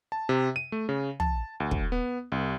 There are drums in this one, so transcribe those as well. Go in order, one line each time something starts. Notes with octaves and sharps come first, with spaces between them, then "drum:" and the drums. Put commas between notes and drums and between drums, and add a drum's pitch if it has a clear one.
A5
C3
D#7
A3
C#3
A5, drum: tom
D2
drum: kick
B3
C2